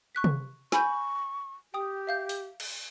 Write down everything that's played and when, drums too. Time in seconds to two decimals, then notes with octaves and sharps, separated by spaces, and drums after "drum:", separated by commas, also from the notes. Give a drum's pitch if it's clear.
0.15 C#6 F#6 B6
0.24 drum: tom C3
0.72 G#5 B5 C#6 G6, drum: snare
1.74 G4 G5 D#6
2.07 E5 F5 G6
2.29 drum: open hi-hat
2.60 drum: cymbal